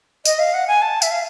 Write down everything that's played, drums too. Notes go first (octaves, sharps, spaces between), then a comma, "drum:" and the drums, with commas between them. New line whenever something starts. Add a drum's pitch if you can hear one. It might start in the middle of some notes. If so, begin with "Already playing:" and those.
D#5, drum: tambourine
F5
F#5
G#5
A5
E5, drum: tambourine
F5